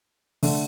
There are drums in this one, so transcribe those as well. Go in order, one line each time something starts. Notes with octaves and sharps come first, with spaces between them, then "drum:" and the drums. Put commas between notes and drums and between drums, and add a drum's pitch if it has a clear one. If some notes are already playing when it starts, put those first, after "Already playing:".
D3 A3, drum: open hi-hat